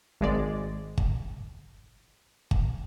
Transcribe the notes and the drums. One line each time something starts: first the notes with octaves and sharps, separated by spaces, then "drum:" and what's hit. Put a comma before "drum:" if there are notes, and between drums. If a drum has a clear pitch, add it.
G#1 G#3 D5
drum: kick
drum: kick